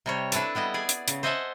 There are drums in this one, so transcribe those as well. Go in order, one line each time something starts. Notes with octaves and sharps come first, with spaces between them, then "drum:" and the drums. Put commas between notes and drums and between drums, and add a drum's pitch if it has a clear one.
C3 G3 C#5
D4 E4 A4 B4 A5, drum: hi-hat
G3 B3 E4 D#5
G#4 D5 G#5
drum: hi-hat
C#3, drum: hi-hat
C5 D#5 E5 F#5 G#5 A5